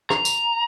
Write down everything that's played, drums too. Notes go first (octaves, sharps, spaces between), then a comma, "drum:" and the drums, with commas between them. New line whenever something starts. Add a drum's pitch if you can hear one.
A#5, drum: rim click
drum: tambourine